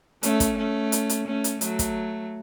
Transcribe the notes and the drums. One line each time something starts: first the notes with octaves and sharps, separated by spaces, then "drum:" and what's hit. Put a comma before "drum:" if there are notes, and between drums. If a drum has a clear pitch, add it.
A3 C#4, drum: hi-hat
drum: kick, hi-hat
A3 C#4
drum: hi-hat
drum: hi-hat
A3 C#4
drum: hi-hat
F#3 A3, drum: hi-hat
drum: kick, hi-hat